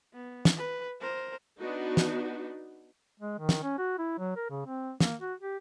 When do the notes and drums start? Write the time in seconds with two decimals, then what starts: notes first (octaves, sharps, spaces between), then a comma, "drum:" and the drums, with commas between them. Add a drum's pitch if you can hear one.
0.13 B3
0.45 drum: snare
0.56 B4
1.01 A#4 C5
1.59 B3 D4 D#4 F#4
1.97 drum: snare
3.20 G#3
3.39 D#3
3.49 drum: snare
3.63 C#4
3.78 F#4
3.99 E4
4.19 F#3
4.36 A#4
4.50 C#3
4.66 C4
5.00 A#3, drum: snare
5.21 F#4
5.40 G4